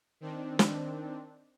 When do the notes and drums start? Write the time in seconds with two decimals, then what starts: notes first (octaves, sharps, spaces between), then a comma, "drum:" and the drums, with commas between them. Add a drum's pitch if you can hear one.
0.21 D#3 C4 D4
0.59 drum: snare